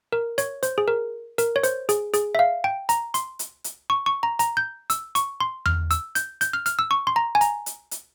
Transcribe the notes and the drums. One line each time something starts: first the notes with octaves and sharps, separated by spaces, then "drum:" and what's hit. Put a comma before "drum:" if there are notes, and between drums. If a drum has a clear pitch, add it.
A#4
C#5, drum: hi-hat
C5, drum: hi-hat
G#4
A#4
A#4, drum: hi-hat
C#5
C5, drum: hi-hat
G#4, drum: hi-hat
G#4, drum: hi-hat
E5
F5
G5
A#5, drum: hi-hat
C6, drum: hi-hat
drum: hi-hat
drum: hi-hat
C#6
C#6
A#5
A#5, drum: hi-hat
G6
E6, drum: hi-hat
C#6, drum: hi-hat
C6
F6, drum: tom E2
E6, drum: hi-hat
G6, drum: hi-hat
G6, drum: hi-hat
F6
F6, drum: hi-hat
E6
C#6
C6
A#5
G#5
A#5, drum: hi-hat
drum: hi-hat
drum: hi-hat